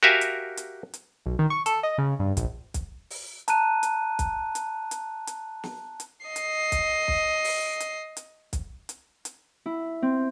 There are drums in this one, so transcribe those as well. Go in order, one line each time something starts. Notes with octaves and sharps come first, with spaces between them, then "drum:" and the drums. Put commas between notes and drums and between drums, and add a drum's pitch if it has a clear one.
F#4 G4 A#4 E5 F5 G#5
drum: hi-hat
drum: hi-hat
drum: hi-hat
B1
D#3
C#6
A4, drum: hi-hat
D#5
C#3
G2
A#1, drum: kick B1, hi-hat
drum: kick B1, hi-hat
drum: open hi-hat
A5 A#5 F#6 D#7, drum: hi-hat
drum: hi-hat
drum: kick B1, hi-hat
drum: hi-hat
drum: hi-hat
drum: hi-hat
drum: snare
drum: hi-hat
D#5 C7
drum: hi-hat
drum: kick B1, hi-hat
drum: kick B1
drum: open hi-hat
drum: hi-hat
drum: hi-hat
drum: kick B1, hi-hat
drum: hi-hat
drum: hi-hat
E4
C4